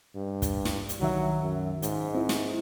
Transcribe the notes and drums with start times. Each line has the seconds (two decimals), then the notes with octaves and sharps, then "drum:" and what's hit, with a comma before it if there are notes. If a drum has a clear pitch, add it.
0.16 G2
0.42 drum: kick, hi-hat
0.65 drum: snare
0.89 drum: hi-hat
1.00 C2 D#3 F#3 E5
1.42 F#2
1.82 G#2, drum: hi-hat
2.14 C4 E4
2.29 drum: snare